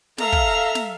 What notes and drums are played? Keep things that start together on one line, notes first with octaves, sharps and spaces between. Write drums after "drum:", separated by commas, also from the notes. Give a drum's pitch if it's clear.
A4 E5 F5 A#5, drum: snare
drum: kick
drum: snare